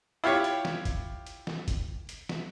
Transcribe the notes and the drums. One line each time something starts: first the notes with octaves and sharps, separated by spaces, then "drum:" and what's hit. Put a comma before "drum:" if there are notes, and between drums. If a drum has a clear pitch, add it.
E4 F4 G4 C#5
drum: hi-hat
drum: snare
drum: kick, hi-hat
drum: hi-hat
drum: snare
drum: kick, hi-hat
drum: hi-hat
drum: snare